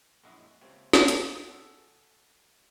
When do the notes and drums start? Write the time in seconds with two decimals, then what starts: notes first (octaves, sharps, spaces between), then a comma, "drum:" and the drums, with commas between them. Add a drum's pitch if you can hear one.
0.24 A#1 F#2 G#3 E4 F#4 D#5
0.61 C#2 C3 A#3 C4 C#5
0.93 drum: snare
1.08 drum: hi-hat
1.47 F#4 G#4 A4